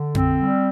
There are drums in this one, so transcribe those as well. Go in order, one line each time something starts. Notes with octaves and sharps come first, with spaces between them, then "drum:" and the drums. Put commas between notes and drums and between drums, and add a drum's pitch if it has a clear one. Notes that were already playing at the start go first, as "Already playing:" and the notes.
Already playing: D3
C4, drum: tom F2
G3